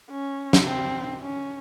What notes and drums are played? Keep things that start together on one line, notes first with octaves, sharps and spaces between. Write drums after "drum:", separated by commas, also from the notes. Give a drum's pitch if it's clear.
C#4
drum: snare
C4
C#4